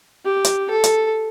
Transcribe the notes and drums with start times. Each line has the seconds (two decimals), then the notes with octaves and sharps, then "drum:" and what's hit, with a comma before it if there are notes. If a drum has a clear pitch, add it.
0.25 G4
0.44 drum: hi-hat
0.70 A4
0.84 drum: hi-hat